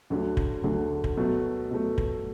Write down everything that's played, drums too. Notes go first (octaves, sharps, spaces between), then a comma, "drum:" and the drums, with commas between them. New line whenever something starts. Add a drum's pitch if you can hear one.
D2 D3 F#3
drum: kick
D2 D3 F#3
drum: kick
B2 F#3 A3
B2 F#3 A3
drum: kick